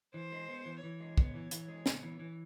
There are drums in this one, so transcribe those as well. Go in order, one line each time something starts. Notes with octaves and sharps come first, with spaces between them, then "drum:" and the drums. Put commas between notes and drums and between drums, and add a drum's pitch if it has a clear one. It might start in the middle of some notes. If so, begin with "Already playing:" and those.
E3 C5
G#3
B3
E3
E3 C#5
G#3
B3, drum: kick
E3
E3, drum: hi-hat
G#3
B3, drum: snare
E3
E3